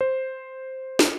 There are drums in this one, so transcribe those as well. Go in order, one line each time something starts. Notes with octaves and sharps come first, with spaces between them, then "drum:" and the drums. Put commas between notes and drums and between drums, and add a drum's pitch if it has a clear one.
C5
drum: snare